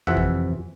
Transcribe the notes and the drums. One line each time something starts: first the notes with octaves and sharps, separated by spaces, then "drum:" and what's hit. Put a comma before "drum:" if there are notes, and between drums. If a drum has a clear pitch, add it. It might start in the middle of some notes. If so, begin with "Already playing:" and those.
F2 C3 E3 E5 F#5
drum: kick